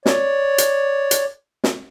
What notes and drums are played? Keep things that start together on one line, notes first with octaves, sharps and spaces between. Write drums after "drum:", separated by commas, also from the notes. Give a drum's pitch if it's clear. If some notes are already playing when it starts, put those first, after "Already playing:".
C#5 D5, drum: snare
drum: hi-hat
drum: hi-hat
drum: snare